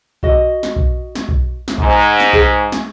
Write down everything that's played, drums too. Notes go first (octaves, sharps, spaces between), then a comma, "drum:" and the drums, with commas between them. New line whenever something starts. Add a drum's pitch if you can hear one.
F#4 D#5, drum: kick B1
drum: snare
drum: kick B1
drum: snare
drum: kick B1
drum: snare
G#2, drum: kick B1
drum: snare
G#4, drum: kick B1
drum: snare